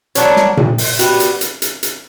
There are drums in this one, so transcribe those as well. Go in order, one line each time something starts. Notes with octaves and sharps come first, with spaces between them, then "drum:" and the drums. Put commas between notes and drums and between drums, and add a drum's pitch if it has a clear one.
F#3 B3 D4 A#4 C#5, drum: hi-hat
drum: snare
drum: tom A#2
drum: open hi-hat
G3 B3 F#4, drum: hi-hat
drum: hi-hat
drum: hi-hat
drum: hi-hat
drum: hi-hat